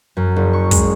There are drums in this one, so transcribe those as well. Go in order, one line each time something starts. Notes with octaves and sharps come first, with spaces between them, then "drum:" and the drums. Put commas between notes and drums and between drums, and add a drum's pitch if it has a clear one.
F#2
F#1
C#6
G#3, drum: kick, hi-hat